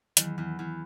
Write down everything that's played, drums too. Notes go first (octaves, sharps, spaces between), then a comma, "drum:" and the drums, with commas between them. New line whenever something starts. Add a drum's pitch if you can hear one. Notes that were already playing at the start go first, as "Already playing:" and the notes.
E2 D#3 F#3, drum: hi-hat
E2
E2